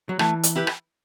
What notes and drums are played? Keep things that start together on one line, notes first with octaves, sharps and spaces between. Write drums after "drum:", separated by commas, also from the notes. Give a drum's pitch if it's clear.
F#3
E3 A3, drum: rim click
drum: hi-hat
E4 G4 B4
drum: rim click